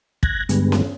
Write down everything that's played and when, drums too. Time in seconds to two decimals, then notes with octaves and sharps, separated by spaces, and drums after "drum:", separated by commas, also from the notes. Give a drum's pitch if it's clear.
0.23 F#6 G#6 A#6, drum: kick
0.49 G2 D3 G3 G#3 B3, drum: hi-hat
0.72 drum: snare C#4